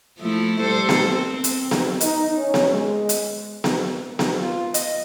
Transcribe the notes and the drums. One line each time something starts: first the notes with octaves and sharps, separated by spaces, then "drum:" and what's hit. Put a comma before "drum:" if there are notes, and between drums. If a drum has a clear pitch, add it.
F3 A3 E4
G3 A4 C5
drum: snare B3
C4
drum: hi-hat
drum: snare B3
D#4, drum: hi-hat
C#4
drum: snare B3
G#3
drum: hi-hat
drum: snare B3
drum: snare B3
F4
D#5, drum: hi-hat